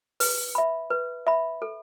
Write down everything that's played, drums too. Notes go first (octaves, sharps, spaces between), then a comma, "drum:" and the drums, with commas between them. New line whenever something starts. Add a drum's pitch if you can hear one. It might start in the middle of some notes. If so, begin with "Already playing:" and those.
B4, drum: open hi-hat
E5 B5
B4
E5 B5
A4